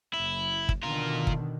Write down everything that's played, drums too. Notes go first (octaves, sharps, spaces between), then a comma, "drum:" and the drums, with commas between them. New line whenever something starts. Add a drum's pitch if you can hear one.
F#1 E4
drum: kick
B2 D3 D#3 F4 A#4
drum: kick